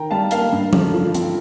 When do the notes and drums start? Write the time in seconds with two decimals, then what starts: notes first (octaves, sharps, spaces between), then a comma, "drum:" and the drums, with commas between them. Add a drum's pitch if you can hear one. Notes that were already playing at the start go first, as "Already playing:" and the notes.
Already playing: D#3 G5 A#5
0.10 G3 F5 A5
0.31 A#3 F5 A5, drum: hi-hat
0.53 G2
0.73 D3, drum: tom F3
0.94 F3
1.14 C4, drum: hi-hat